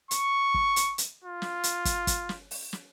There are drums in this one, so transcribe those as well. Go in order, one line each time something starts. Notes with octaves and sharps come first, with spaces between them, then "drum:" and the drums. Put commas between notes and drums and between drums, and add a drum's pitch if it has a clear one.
C#6, drum: hi-hat
drum: kick
drum: hi-hat
drum: hi-hat
F4
drum: snare
drum: hi-hat
drum: kick, hi-hat
drum: kick, hi-hat
drum: snare
drum: open hi-hat
drum: snare